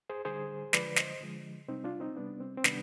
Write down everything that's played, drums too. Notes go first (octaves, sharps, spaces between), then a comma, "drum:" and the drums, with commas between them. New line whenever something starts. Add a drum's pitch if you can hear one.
G#4 C5
D3 G3 G#4 C5
D3 F3 G#3 B4 D5, drum: snare
C5 D#5, drum: snare
D3 F3 G#3
C3 G3 C4 D#4
D4 F4
C4 D#4
C3 G3 B3 D4
C4
C4
C3 D#3 G3 B3 D4, drum: snare